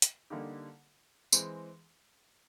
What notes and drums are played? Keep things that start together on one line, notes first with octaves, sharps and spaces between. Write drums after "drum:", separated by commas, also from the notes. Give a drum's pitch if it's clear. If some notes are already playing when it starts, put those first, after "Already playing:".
drum: hi-hat
D3 G3 A#3 D#4 G4
E3 G#3 C4, drum: tambourine